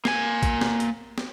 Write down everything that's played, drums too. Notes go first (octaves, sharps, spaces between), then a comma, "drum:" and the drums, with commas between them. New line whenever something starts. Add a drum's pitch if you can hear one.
A#3 G#5, drum: snare
drum: kick, hi-hat
drum: snare
drum: hi-hat
drum: snare